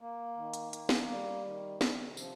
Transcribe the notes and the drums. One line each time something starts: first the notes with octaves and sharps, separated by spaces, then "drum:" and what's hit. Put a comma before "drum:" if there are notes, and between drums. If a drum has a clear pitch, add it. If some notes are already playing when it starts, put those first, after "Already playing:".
A#3
D#3
drum: hi-hat
A#3, drum: hi-hat
drum: snare
G3
D#3
C3, drum: snare
F3, drum: tambourine